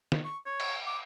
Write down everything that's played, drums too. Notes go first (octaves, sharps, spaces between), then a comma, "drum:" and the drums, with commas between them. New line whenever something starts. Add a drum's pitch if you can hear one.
drum: snare
C#6
C#5
drum: cymbal
D6